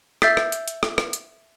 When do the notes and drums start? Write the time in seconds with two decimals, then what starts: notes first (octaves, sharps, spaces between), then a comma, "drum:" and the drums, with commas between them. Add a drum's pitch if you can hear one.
0.22 E5 E6 G6 A6 B6 C7, drum: rim click
0.37 drum: rim click
0.52 drum: hi-hat
0.68 drum: hi-hat
0.83 drum: rim click
0.98 drum: rim click
1.13 drum: hi-hat